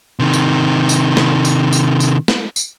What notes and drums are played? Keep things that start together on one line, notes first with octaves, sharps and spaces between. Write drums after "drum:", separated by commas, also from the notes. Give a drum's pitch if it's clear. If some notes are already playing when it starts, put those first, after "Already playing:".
C3 D#3
drum: tambourine
drum: tambourine
drum: snare
drum: tambourine
drum: tambourine
drum: tambourine
drum: snare
drum: tambourine